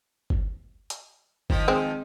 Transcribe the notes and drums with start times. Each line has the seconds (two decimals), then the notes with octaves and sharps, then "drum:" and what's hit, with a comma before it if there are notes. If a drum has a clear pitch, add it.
0.30 drum: kick G1
0.90 drum: hi-hat
1.50 D#3 F3, drum: kick G1
1.68 G#3 C4